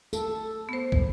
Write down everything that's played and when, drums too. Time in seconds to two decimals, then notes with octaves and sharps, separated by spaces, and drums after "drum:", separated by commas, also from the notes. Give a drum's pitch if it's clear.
0.13 A4, drum: tambourine
0.69 B3 C5
0.92 drum: kick